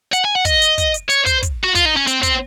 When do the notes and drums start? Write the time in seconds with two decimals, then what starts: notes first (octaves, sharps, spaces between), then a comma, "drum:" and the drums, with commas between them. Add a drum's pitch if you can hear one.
0.13 F#5, drum: hi-hat
0.24 G#5
0.35 F#5
0.45 D#5, drum: kick, hi-hat
0.62 drum: hi-hat
0.78 drum: kick, hi-hat
0.94 drum: hi-hat
1.10 C#5, drum: hi-hat
1.26 C5, drum: kick, hi-hat
1.43 drum: kick, hi-hat
1.64 F#4
1.75 F4, drum: kick, hi-hat
1.85 D#4
1.97 C#4
2.07 C4, drum: hi-hat
2.23 C4, drum: kick, hi-hat